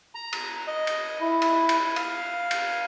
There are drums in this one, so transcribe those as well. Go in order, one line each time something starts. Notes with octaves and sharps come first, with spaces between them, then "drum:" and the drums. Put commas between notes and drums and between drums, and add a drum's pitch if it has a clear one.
A#5
drum: cymbal
D#5
drum: cymbal
E4
drum: cymbal
drum: cymbal
F5, drum: cymbal
drum: cymbal